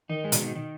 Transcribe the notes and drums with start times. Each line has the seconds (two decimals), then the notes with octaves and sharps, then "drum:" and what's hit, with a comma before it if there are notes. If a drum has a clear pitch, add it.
0.09 D#3 D#4
0.24 G#3
0.32 B2, drum: hi-hat
0.40 D#3
0.55 D#3